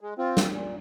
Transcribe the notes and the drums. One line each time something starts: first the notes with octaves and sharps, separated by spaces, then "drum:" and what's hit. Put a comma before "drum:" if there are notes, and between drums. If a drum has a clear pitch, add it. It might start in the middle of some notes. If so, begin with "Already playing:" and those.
G#3
C4 F4
drum: snare
A#2